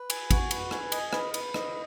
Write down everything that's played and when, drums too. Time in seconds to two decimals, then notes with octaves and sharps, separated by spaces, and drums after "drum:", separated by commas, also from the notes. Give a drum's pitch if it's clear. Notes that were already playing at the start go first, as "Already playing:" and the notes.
Already playing: B4
0.10 G#5, drum: cymbal
0.31 F#4, drum: kick, cymbal
0.51 B4, drum: cymbal
0.71 G#5, drum: rim click
0.92 D#5, drum: cymbal
1.13 B4, drum: rim click
1.34 B4, drum: cymbal
1.54 D#5, drum: rim click